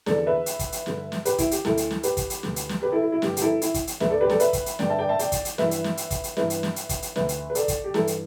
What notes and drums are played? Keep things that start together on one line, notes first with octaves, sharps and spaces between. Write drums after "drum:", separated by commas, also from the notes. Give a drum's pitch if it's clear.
E2 D3 A4 D5, drum: snare
B4 E5
drum: hi-hat
drum: kick, hi-hat
drum: hi-hat
G2 D3, drum: snare
drum: snare
G4 B4, drum: hi-hat
E4, drum: kick, hi-hat
G4, drum: hi-hat
D2 D3 E4 A4, drum: snare
drum: hi-hat
drum: snare
G4 B4, drum: hi-hat
drum: kick, hi-hat
drum: hi-hat
D2 D3, drum: snare
drum: hi-hat
drum: snare
G4 B4
E4 A4
E4
E4
G2 D3 G4, drum: snare
G4, drum: hi-hat
E4 A4
E4, drum: hi-hat
drum: kick, hi-hat
drum: hi-hat
D2 D3 B4 E5, drum: snare
A4 D5
G4 B4
A4 D5, drum: snare
B4 E5, drum: hi-hat
drum: kick, hi-hat
drum: hi-hat
G2 D3 D5 G5, drum: snare
E5 A5
D5 G5
E5 A5
D5 G5, drum: hi-hat
drum: kick, hi-hat
drum: hi-hat
G2 E3 B4 E5, drum: snare
drum: hi-hat
drum: snare
drum: hi-hat
drum: kick, hi-hat
drum: hi-hat
G2 E3 B4 E5, drum: snare
drum: hi-hat
drum: snare
drum: hi-hat
drum: kick, hi-hat
drum: hi-hat
D2 D3 B4 E5, drum: snare
drum: hi-hat
B4
A4 D5, drum: hi-hat
drum: kick, hi-hat
G4
G2 E3 E4 A4, drum: snare
drum: hi-hat